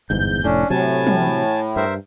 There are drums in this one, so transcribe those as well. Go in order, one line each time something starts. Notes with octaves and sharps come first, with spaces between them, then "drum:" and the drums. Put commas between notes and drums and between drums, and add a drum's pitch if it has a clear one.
G1 E2 G#2 G6
F1 A2 C#4 D4
A2 C3 F#3 G#5 A5
drum: tom
G2 A#4 C5 E5